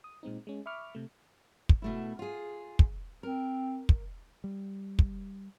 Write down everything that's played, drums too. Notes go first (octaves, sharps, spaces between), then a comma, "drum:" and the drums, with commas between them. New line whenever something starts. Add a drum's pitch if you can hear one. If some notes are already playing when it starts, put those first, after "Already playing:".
D#6
A#2 G#3 C4 D#4
G#3 C#4
E5 B5 C#6 D6 F6
C3 A3
drum: kick
B2 A3 E4
F4 G#4
drum: kick
C4 A#4
drum: kick
G3
drum: kick